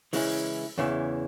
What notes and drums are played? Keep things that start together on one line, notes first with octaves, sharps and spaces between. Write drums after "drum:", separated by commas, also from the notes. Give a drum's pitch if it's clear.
C#3 E3 G#3 C#4 E4, drum: open hi-hat
E2 C#3 E3